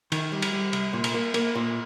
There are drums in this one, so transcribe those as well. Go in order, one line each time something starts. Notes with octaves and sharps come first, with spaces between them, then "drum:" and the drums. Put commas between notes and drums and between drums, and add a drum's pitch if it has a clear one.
D#3, drum: cymbal
G3
drum: cymbal
G3
C2, drum: cymbal
A#2
drum: cymbal
A#3
A#3, drum: cymbal
A#2